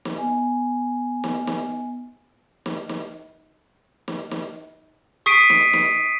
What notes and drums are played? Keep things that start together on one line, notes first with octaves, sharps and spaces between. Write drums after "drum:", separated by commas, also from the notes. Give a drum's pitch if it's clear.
drum: snare
B3 G#5
drum: snare
drum: snare
drum: snare
drum: snare
drum: snare
drum: snare
C#6 D#6 B6 C7 D7 D#7
drum: snare
drum: snare